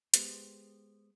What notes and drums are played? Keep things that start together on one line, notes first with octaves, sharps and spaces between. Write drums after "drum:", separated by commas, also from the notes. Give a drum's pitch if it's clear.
G#3 B3 G4 C5, drum: hi-hat